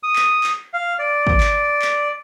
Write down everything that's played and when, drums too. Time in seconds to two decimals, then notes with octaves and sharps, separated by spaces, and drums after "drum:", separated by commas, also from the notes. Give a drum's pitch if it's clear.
0.03 D#6
0.16 drum: clap
0.44 drum: clap
0.74 F5
0.99 D5
1.27 drum: kick
1.40 drum: clap
1.82 drum: clap